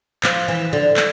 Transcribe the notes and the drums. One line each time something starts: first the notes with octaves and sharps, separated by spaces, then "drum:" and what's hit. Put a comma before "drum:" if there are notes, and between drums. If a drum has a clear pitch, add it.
F3, drum: clap
E3
D3
drum: clap